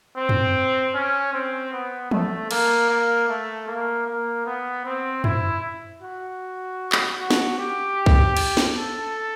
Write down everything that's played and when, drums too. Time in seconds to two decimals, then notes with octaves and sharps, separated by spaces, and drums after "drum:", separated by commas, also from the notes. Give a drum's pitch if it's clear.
0.16 C4
0.29 drum: tom F2
0.94 C#4
1.33 C4
1.72 B3
2.11 A3, drum: tom E3
2.51 A#3, drum: cymbal
2.90 A#3
3.29 A3
3.68 A#3
4.07 A#3
4.46 B3
4.85 C4
5.24 E4, drum: tom F2
6.02 F#4
6.92 drum: clap
7.19 F#4
7.31 drum: snare
7.59 G4
8.06 drum: kick B1
8.37 drum: cymbal
8.57 drum: snare
8.76 A4